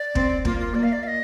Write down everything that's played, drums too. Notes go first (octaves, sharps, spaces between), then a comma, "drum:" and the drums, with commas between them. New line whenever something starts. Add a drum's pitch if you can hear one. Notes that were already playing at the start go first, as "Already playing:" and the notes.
Already playing: D5
C4, drum: kick
A#3 F4, drum: kick
F4
A#3 D5
F5
D5
F5
D#5